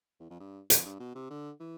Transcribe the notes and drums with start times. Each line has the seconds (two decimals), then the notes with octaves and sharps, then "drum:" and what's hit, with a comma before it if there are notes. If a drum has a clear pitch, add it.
0.20 E2
0.30 F2
0.40 G2
0.70 F2, drum: hi-hat
0.85 G2
1.00 B2
1.15 C3
1.30 D3
1.60 E3